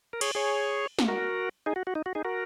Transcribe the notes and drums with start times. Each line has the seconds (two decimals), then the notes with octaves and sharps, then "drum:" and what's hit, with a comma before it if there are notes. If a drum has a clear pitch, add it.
0.13 A#4
0.21 G#4 C#5, drum: cymbal
0.35 G#4 C#5
0.99 drum: snare
1.08 F#4 A#4
1.66 D#4 G#4
1.76 F#4
1.87 F#4
1.95 D#4
2.06 F#4
2.15 D#4 G#4
2.25 F#4 A#4